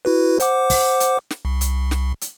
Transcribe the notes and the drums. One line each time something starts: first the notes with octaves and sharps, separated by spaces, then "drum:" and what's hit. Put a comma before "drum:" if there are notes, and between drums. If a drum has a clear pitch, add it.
E4 F#4 B4
C5 F#5 D6, drum: hi-hat
drum: kick, open hi-hat
drum: hi-hat
drum: snare
C2
drum: hi-hat
drum: snare
drum: hi-hat